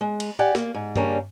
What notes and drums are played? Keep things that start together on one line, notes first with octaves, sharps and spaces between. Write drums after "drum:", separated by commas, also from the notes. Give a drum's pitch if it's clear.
G#3
drum: cymbal
G4 D5 F#5 G#5
A#3, drum: snare
G#2
C#3 G3 A#3 C#4 D4, drum: tom G2